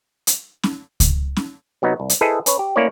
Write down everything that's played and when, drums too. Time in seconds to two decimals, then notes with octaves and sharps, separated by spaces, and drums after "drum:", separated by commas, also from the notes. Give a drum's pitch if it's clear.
0.27 drum: hi-hat
0.63 drum: snare C#4
1.00 drum: kick C#2, hi-hat
1.36 drum: snare C#4
1.82 C3 F#3 B3 D#4
2.00 C2
2.10 drum: hi-hat
2.21 E4 G#4 A4 B4 C5 D#5
2.46 C#4 B4 C#5, drum: hi-hat
2.59 G4
2.76 A3 A#3 C#4 E4 C#5 D5